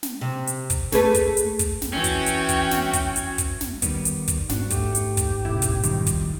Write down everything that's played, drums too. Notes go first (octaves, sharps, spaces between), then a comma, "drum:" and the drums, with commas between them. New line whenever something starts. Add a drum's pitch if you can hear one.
drum: snare
C3
drum: hi-hat
drum: kick, hi-hat
A3 G#4 B4, drum: snare
drum: kick, hi-hat
drum: hi-hat
drum: kick, hi-hat
drum: snare
E3 C#4 F#4 G5
drum: kick, hi-hat
drum: hi-hat
drum: kick, hi-hat
drum: snare
drum: kick, hi-hat
drum: hi-hat
drum: kick, hi-hat
drum: snare
D#3 G3 B3, drum: kick, hi-hat
drum: hi-hat
drum: kick, hi-hat
G#2 D#3 D4 F#4, drum: snare
A3 G4, drum: kick, hi-hat
drum: hi-hat
drum: kick, hi-hat
E1 A1 E4
drum: kick, hi-hat
D#3 F3 G3, drum: hi-hat
drum: kick, hi-hat
G#1 D2